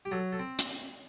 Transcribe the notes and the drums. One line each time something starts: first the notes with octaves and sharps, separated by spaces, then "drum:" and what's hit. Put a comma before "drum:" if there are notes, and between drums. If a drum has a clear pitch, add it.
G4
F#3 A4
A4
C4
drum: hi-hat